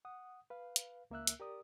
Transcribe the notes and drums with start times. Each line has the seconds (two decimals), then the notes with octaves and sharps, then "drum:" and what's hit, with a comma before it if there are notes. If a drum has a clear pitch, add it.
0.05 F#5 D#6
0.50 B4 F5
0.76 drum: hi-hat
1.11 C#2 A#3 A#4 E5 E6 F#6
1.27 drum: hi-hat
1.40 G4 A#4 D5 D#6